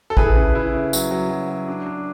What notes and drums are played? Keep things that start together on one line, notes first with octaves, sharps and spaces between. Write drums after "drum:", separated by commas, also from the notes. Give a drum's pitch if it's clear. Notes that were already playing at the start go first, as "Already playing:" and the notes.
A4
E4 G#4 B4, drum: kick A1
C#3
E4
C#3
F#3, drum: tambourine
F#3
F#3
F#3
D4
D4